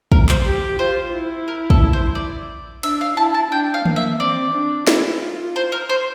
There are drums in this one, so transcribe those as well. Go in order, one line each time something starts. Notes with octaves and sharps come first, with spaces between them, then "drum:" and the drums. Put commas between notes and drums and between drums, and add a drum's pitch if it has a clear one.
A#4, drum: kick
C5, drum: clap
G4
F4 C5
E4
A#4
A4, drum: kick
C5
D5
D4 E5, drum: cymbal
F5
E4 A5
A5
D4 G5
F5
A#3, drum: tom D#3
E5
C4 D5
D4
E4, drum: snare
F4
C5
A#4
C5